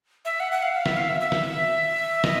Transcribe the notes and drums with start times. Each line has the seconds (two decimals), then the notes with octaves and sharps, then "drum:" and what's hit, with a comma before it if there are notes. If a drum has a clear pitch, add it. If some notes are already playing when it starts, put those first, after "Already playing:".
0.25 E5
0.40 F#5
0.52 F#5
0.63 F5
0.74 F5
0.86 E5, drum: snare
0.97 F5
1.09 E5
1.21 E5
1.32 drum: snare
2.24 D#5, drum: snare